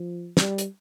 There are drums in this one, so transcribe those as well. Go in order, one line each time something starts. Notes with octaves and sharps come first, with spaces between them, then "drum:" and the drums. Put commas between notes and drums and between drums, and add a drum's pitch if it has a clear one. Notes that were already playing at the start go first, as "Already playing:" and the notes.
Already playing: F3
G3, drum: snare
drum: hi-hat